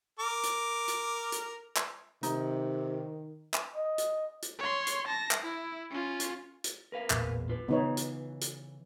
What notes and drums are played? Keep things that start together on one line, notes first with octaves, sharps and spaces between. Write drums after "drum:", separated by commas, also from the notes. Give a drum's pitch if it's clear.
A#4 D6
drum: hi-hat
drum: hi-hat
drum: hi-hat
drum: clap
C3 D#3 D#4, drum: hi-hat
drum: clap
D#5
drum: hi-hat
drum: hi-hat
C#5 C6
drum: hi-hat
A5 A#6
drum: clap
E4
C#4 F4
drum: hi-hat
drum: hi-hat
A#4 B4 F5
A1 E2 A#2, drum: clap
F4 B4
C#3 E3 B3 D#4 C#5
drum: hi-hat
drum: hi-hat